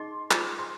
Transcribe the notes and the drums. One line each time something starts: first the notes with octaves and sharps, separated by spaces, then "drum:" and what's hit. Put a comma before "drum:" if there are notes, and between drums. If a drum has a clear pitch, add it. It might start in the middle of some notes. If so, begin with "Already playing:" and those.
Already playing: D#4 G#4 D#5 C6
F4 G#4 C5, drum: clap
C6